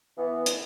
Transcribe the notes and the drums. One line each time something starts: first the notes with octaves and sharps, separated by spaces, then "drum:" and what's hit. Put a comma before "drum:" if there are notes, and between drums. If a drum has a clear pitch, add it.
E3 B3
drum: hi-hat